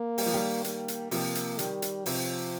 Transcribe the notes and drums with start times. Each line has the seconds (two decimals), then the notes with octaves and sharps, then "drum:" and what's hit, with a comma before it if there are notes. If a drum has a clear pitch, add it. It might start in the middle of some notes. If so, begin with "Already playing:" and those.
Already playing: A#3
0.18 G3, drum: open hi-hat
0.26 F3
0.33 D#3 G3
0.64 A#3, drum: hi-hat
0.88 drum: hi-hat
1.11 C3 F3 A#3, drum: open hi-hat
1.35 drum: hi-hat
1.59 D#3 G3, drum: hi-hat
1.82 drum: hi-hat
2.06 C3 F3, drum: open hi-hat